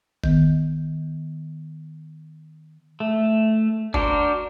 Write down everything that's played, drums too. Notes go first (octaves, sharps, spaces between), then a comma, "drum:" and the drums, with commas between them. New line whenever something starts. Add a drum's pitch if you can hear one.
D#3 B3, drum: kick G1
A3
D4 F#4 A#4 C5, drum: kick G1